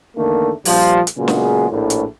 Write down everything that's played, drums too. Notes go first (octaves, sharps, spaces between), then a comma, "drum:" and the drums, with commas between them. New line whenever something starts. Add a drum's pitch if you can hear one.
E2 D3 D#3 A3 A#3
A#1 F3 G3, drum: open hi-hat
drum: hi-hat
A#2 C#3 F#3 G#3 B3 G#4
drum: snare
A#1 A2
drum: hi-hat